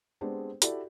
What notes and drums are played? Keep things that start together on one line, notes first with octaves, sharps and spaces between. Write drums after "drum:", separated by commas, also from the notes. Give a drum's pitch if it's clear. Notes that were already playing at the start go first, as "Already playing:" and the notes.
G#3 B3 C4 D4 G4 G#4
E4 F#4 G4 A4 D5, drum: hi-hat